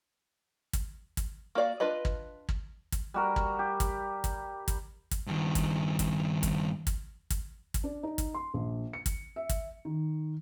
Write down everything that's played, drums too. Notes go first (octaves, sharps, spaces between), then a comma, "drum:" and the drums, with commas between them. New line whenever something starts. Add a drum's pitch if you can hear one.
drum: kick, hi-hat
drum: kick, hi-hat
A#3 F#4 D5 F5
D4 F4 B4 D#5 B5
drum: kick
drum: kick
drum: kick, hi-hat
G3 F#4 A#4
drum: kick
G4
drum: kick, hi-hat
drum: kick, hi-hat
drum: kick, hi-hat
drum: kick, hi-hat
G2 D#3
drum: kick, hi-hat
drum: kick, hi-hat
drum: kick, hi-hat
drum: kick, hi-hat
drum: kick, hi-hat
drum: kick, hi-hat
D4
D#4
drum: kick, hi-hat
C6
A#1
C#7
drum: kick, hi-hat
E5
drum: kick, hi-hat
D#3